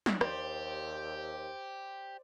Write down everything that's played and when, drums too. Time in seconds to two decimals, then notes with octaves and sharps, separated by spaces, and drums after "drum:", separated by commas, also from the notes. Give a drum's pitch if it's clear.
0.06 drum: snare
0.21 D#2 G4 C5 D5, drum: rim click